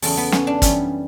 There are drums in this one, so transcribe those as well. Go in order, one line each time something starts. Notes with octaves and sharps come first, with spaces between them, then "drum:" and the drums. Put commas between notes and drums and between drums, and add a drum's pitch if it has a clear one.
E2 C#3 F#3 A4, drum: open hi-hat
B3
C#4, drum: snare
D4
F#2 E3 G3 B3 C#4, drum: kick, hi-hat